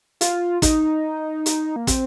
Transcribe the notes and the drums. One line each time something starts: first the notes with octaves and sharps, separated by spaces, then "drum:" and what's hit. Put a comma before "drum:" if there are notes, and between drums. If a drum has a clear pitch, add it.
F4, drum: hi-hat
D#4, drum: kick, hi-hat
drum: hi-hat
A#3
C4, drum: kick, hi-hat